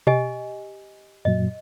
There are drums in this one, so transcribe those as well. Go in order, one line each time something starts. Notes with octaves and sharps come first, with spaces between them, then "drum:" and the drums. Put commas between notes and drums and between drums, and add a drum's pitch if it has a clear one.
G4 D#5 G#5, drum: tom B2
F#2 A#2 F#3 D#5